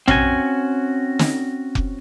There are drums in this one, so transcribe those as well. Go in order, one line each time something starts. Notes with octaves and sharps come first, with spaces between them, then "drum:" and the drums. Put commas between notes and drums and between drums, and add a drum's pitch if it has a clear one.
C4 C#4 F#4 G#5, drum: tom A#1
drum: snare
drum: kick F1